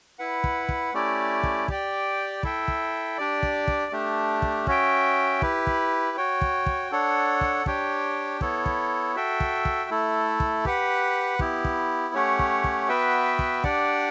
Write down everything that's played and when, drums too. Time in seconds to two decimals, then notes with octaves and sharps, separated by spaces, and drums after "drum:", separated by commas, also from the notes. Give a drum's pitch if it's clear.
0.19 E4 B4 F#5
0.44 drum: kick
0.69 drum: kick
0.93 A3 C#4 E4 G4 D5
1.43 drum: kick
1.68 G4 D5 G5, drum: kick
2.43 E4 A4 E5 G5, drum: kick
2.68 drum: kick
3.18 D4 G4 D5
3.43 drum: kick
3.68 drum: kick
3.92 A3 D4 G4
4.42 drum: kick
4.67 C#4 F#4 C#5 E5 G5, drum: kick
5.42 E4 G4 B4, drum: kick
5.67 drum: kick
6.17 F#4 C#5 G5
6.41 drum: kick
6.66 drum: kick
6.92 D4 A4 C#5 F#5
7.41 drum: kick
7.66 D4 G4 C#5 G5, drum: kick
8.41 B3 E4 A4 C#5, drum: kick
8.66 drum: kick
9.15 F#4 A4 E5 G5
9.40 drum: kick
9.65 drum: kick
9.90 A3 E4 A4
10.40 drum: kick
10.65 G4 B4 F#5, drum: kick
11.39 B3 E4 G4, drum: kick
11.64 drum: kick
12.14 A3 C#4 G4 C#5 F#5
12.39 drum: kick
12.64 drum: kick
12.89 B3 F#4 B4 E5 G5
13.39 drum: kick
13.64 D4 G4 D5 F#5, drum: kick